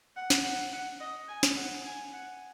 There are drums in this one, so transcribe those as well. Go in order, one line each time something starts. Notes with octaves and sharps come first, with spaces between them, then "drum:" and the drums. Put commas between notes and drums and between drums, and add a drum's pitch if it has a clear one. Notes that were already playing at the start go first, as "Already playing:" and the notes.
F#5
drum: snare
F#5
F#5
D#5
G#5
drum: snare
F#5
G#5
F#5